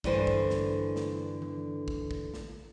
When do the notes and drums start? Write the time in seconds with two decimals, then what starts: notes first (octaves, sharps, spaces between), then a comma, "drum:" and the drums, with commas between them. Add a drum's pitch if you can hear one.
0.04 G2 D3 E3 C5, drum: kick
0.27 drum: kick
0.50 drum: snare
0.96 drum: snare
1.42 drum: tom D#3
1.88 drum: kick
2.11 drum: kick
2.34 drum: snare